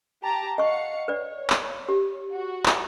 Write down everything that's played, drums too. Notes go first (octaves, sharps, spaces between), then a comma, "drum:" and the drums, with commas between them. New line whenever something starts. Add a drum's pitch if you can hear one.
G4 A5 A#5
D#5 F5 F#5 C#6 C#7
B4 C#5 D5
drum: clap
G4
F#4
drum: clap